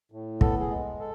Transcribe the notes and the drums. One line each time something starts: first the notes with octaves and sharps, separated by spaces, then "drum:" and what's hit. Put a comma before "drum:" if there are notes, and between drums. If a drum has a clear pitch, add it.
A2
B3 A4, drum: kick
G#4
G#3
A4